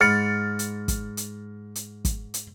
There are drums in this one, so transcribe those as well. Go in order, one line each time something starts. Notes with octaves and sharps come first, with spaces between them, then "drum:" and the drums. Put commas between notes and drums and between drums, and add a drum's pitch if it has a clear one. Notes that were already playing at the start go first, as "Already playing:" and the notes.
G#2 B5 F6 A6 C#7
drum: hi-hat
drum: kick, hi-hat
drum: hi-hat
drum: hi-hat
drum: kick, hi-hat
drum: hi-hat